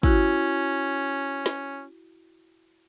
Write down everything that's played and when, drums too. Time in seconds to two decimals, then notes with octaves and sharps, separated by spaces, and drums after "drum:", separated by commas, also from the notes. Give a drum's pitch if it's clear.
0.03 C#4 E4 F#4, drum: kick
1.46 drum: snare